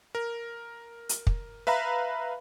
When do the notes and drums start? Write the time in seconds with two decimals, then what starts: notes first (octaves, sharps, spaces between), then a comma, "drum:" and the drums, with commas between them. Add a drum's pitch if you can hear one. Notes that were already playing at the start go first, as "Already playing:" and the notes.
0.15 A#4
1.09 drum: hi-hat
1.27 drum: kick
1.67 B4 E5 F5 A#5 B5